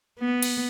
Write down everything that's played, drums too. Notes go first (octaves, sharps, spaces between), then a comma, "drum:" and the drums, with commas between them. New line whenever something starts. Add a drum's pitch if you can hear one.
B3
drum: cymbal